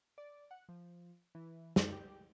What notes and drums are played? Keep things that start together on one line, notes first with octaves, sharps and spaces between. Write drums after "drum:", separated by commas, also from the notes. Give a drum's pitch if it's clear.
D5
F#5
F3
E3
F#2, drum: snare
G4